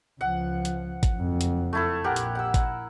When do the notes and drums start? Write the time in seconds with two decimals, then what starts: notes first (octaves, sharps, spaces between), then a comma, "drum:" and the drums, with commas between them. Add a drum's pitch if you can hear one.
0.21 C#2 F3 F#5
0.65 drum: hi-hat
1.03 drum: kick G#1, hi-hat
1.16 F#1 F2
1.41 drum: hi-hat
1.73 A3 E4 A4
2.04 A#1 G4 A#4 F#5
2.16 drum: hi-hat
2.35 F#5 E6
2.54 drum: kick G#1, hi-hat